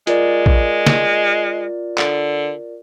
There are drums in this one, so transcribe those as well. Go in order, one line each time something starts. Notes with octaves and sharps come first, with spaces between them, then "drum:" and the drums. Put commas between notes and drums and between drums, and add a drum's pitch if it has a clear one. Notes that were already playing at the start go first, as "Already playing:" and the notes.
G#3 F4 A#4 D5, drum: hi-hat
drum: kick
drum: snare
D3, drum: clap